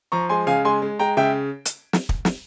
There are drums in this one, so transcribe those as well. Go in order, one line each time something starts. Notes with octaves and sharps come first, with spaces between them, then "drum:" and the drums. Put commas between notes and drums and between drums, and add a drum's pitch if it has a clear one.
F3 A#5 C#6
G#3 G#5 C6
C#3 F5 G#5
G#3 G#5 C6
G#3
G#3 G5 A#5
C#3 E5 G5
drum: hi-hat
drum: snare
drum: kick
drum: snare